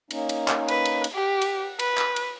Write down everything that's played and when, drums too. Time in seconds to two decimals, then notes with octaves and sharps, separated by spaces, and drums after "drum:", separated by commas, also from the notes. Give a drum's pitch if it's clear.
0.11 A#3 C#4 D#4, drum: cymbal
0.29 drum: cymbal
0.48 drum: clap
0.68 B4, drum: cymbal
0.85 drum: cymbal
1.04 drum: cymbal
1.14 G4 F#5
1.42 drum: cymbal
1.79 B4, drum: cymbal
1.98 drum: clap
2.16 drum: cymbal